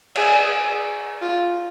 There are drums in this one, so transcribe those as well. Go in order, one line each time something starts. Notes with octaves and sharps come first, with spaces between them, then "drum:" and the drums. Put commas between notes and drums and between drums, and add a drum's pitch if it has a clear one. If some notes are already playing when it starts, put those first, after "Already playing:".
G#4, drum: cymbal
F4